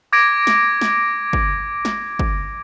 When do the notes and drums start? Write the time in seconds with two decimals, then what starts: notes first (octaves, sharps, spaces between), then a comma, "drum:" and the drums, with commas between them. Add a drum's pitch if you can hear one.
0.13 D6 G#6 A#6 D7
0.47 drum: snare
0.81 drum: snare
1.33 drum: kick
1.85 drum: snare
2.19 drum: kick